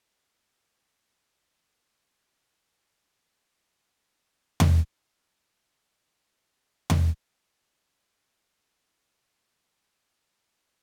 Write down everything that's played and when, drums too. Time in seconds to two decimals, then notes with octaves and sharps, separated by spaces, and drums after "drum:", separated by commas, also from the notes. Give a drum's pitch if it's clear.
0.13 C#5 D5
0.80 G#5
1.22 F5
3.07 B2 D3 D#3
4.60 drum: tom E2
5.85 A#4
6.90 drum: tom E2
7.67 F2 B2 D#3 A5 C#6
8.37 G#2 B2 D#3 F#3